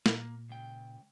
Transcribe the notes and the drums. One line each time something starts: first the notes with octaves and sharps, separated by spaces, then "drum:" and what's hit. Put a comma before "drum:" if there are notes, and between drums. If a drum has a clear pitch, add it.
A#2 A#3, drum: snare
C#2 G5